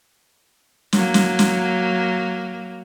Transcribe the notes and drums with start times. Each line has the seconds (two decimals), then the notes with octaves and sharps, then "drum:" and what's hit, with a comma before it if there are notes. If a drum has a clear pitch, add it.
0.93 F#3 A#3, drum: snare
1.14 drum: snare
1.39 drum: snare